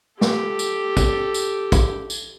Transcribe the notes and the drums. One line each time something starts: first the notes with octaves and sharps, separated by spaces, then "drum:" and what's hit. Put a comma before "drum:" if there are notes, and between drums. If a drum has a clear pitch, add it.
G4 A4, drum: snare
drum: tambourine
drum: kick, tambourine
drum: tambourine
drum: kick, tambourine
drum: tambourine